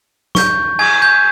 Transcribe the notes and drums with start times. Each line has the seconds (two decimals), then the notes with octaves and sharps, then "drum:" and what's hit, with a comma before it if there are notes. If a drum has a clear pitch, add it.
0.35 C#6 G6, drum: snare
0.79 G#5 G#6, drum: cymbal
1.02 G6